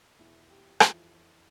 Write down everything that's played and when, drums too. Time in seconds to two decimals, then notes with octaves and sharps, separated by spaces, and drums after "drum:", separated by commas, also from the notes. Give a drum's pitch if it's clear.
0.19 E2 B2 E4
0.50 G4
0.80 F2 E3 F4, drum: rim click